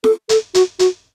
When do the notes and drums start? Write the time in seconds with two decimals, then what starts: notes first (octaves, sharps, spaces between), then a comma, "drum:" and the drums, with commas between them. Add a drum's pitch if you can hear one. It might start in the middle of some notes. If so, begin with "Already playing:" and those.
0.04 A4, drum: snare
0.29 A4, drum: hi-hat
0.54 F#4, drum: hi-hat
0.79 F#4, drum: hi-hat